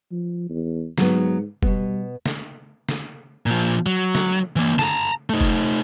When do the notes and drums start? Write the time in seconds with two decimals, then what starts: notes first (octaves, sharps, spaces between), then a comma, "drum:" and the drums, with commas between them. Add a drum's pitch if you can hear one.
0.12 F3
0.49 E2
0.98 G#2 F#3 B3, drum: snare
1.63 B2 G3 B3, drum: kick
2.26 drum: snare
2.89 drum: snare
3.46 A#2 F3
3.86 F#3
4.15 drum: snare
4.56 E3 A#3
4.79 A5 A#5, drum: snare
5.29 A3 D#4
5.41 drum: kick